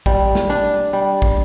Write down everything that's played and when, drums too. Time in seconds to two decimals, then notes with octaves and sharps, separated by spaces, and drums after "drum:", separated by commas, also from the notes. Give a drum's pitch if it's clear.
0.06 G3, drum: kick
0.35 drum: snare
0.50 D4
0.93 G3
1.22 drum: kick